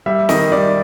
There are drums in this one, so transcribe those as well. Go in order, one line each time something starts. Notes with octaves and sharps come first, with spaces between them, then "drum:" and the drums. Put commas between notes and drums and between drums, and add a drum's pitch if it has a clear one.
G3 E5
D#3 D#5, drum: snare
G3 D5